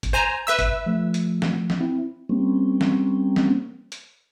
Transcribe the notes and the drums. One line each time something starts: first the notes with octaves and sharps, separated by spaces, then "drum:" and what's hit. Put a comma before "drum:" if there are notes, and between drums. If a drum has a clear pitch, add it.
drum: kick G#1, hi-hat
C5 G#5 A#5
B4 E5 E6
drum: kick G#1, hi-hat
F3 A3
drum: hi-hat
drum: snare
drum: snare
C4 E4
G3 A#3 C4 C#4
drum: snare
drum: snare
drum: hi-hat